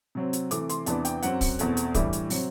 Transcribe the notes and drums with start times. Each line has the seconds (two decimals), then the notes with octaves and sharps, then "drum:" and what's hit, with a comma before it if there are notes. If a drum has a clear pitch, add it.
0.15 C3 F#3 C4
0.33 drum: hi-hat
0.51 C3 E3 A3 D6, drum: hi-hat
0.69 C6, drum: hi-hat
0.86 E2 C3 E3 B3 D4 A5, drum: hi-hat
1.05 G5, drum: hi-hat
1.22 F#2 F#3 C4 F#5, drum: hi-hat
1.41 drum: kick, open hi-hat
1.59 E2 B2 A3 C4, drum: hi-hat
1.77 drum: hi-hat
1.94 A2 E3 G3 D4 E5, drum: kick, hi-hat
2.13 drum: hi-hat
2.30 C3 F#3 C4, drum: open hi-hat